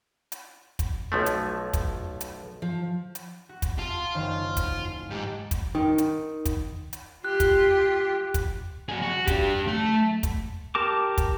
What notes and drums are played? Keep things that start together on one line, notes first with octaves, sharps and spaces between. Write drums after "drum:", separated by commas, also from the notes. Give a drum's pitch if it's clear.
drum: hi-hat
drum: kick, hi-hat
B1 F3 A3
drum: hi-hat
drum: kick, hi-hat
drum: hi-hat
F3
drum: hi-hat
F#4
drum: kick, hi-hat
F4 A5 F6
F#1 D#3 C5
drum: kick, hi-hat
G#2 G4 A5 D6
drum: kick, hi-hat
D#3
drum: hi-hat
drum: kick, hi-hat
drum: hi-hat
F4 G4 F#6
drum: kick, hi-hat
drum: kick, hi-hat
F#3 G#4
F#4
D4 G4, drum: kick, hi-hat
A3 A5
drum: kick, hi-hat
G4 A#4 A5 D6
drum: kick, hi-hat